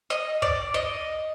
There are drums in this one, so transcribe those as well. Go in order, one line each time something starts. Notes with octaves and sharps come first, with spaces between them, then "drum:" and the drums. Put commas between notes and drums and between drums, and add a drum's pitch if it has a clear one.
D#5
D5, drum: kick
D#5